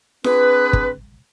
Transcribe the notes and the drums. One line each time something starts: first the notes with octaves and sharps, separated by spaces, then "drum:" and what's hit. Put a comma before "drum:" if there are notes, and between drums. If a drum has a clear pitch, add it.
C4 D4 G#4 B4, drum: snare F4
drum: kick